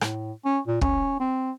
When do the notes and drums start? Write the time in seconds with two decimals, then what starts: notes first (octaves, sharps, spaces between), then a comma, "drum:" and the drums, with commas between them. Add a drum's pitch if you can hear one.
0.01 A2, drum: rim click
0.45 C#4
0.67 A#2
0.81 C#4, drum: kick
1.20 C4